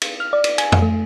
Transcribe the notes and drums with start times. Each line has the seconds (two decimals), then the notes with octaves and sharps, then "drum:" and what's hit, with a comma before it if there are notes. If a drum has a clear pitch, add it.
0.02 drum: cymbal
0.20 F6
0.33 D5
0.44 drum: cymbal
0.58 G#5, drum: cymbal
0.72 drum: tom
0.82 A3